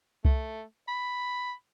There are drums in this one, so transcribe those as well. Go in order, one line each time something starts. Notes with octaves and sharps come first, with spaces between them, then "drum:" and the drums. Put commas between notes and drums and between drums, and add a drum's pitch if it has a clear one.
A3, drum: kick C2
B5